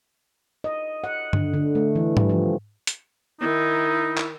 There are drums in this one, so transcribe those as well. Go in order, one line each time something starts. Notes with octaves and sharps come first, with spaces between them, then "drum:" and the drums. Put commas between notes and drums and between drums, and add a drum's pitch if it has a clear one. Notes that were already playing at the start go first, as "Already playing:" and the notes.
D#5
F#5
D3, drum: tom G2
D3
A3
E3
G3, drum: tom G#2
F3
drum: hi-hat
D#3 D#4 E4
drum: clap